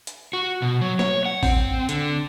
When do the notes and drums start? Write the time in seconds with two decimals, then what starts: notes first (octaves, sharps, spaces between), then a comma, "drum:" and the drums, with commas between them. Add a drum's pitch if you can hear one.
0.07 drum: hi-hat
0.33 F#4
0.62 B2
0.81 F#3
0.99 C#5, drum: snare
1.25 F#5
1.43 C4, drum: kick A1, open hi-hat
1.89 D3, drum: hi-hat